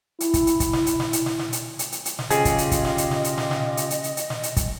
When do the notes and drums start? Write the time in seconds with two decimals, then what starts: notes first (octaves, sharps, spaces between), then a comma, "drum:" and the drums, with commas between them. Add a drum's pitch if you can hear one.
0.20 E4, drum: hi-hat
0.34 drum: kick, hi-hat
0.47 drum: hi-hat
0.60 drum: kick, hi-hat
0.73 drum: snare
0.87 drum: hi-hat
1.00 drum: snare
1.13 drum: hi-hat
1.26 drum: snare
1.39 drum: snare
1.53 drum: hi-hat
1.79 drum: hi-hat
1.92 drum: hi-hat
2.05 drum: hi-hat
2.19 drum: snare
2.30 C#3 F4 G4 G#4 D#5, drum: hi-hat
2.45 drum: kick, hi-hat
2.58 drum: hi-hat
2.72 drum: kick, hi-hat
2.85 drum: snare
2.98 drum: hi-hat
3.11 drum: snare
3.24 drum: hi-hat
3.38 drum: snare
3.51 drum: snare
3.77 drum: hi-hat
3.90 drum: hi-hat
4.04 drum: hi-hat
4.17 drum: hi-hat
4.30 drum: snare
4.43 drum: hi-hat
4.57 drum: kick, hi-hat